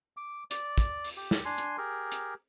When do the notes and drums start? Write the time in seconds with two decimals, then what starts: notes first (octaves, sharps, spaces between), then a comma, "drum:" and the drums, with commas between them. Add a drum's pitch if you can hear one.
0.17 D6
0.51 D5, drum: hi-hat
0.78 drum: kick, hi-hat
1.04 drum: open hi-hat
1.17 G4
1.31 drum: snare
1.45 D4 G#5 C6
1.58 drum: hi-hat
1.78 G4 G#4 A#4
2.12 drum: hi-hat